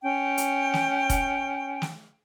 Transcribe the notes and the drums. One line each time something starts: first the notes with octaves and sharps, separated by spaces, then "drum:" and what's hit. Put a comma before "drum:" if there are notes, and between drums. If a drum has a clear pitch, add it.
C#4 G5
drum: hi-hat
drum: snare
drum: kick F1, hi-hat
drum: snare